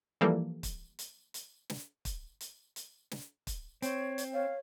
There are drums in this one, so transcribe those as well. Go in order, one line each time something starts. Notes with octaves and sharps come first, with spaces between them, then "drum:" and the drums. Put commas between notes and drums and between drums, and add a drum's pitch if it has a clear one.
E3 F3 G3 A#3 G4 A4
drum: kick, hi-hat
drum: hi-hat
drum: hi-hat
drum: snare
drum: kick, hi-hat
drum: hi-hat
drum: hi-hat
drum: snare
drum: kick, hi-hat
C4 C#5, drum: hi-hat
drum: hi-hat
C#5 F5